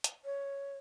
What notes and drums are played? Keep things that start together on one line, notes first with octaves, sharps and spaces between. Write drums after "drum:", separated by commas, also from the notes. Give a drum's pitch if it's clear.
drum: hi-hat
C#5